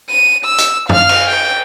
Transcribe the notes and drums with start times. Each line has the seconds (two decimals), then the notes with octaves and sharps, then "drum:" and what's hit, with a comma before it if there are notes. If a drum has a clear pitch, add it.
0.10 D#7
0.45 E6
0.58 drum: hi-hat
0.89 F5 F6, drum: tom
1.09 drum: cymbal
1.28 G5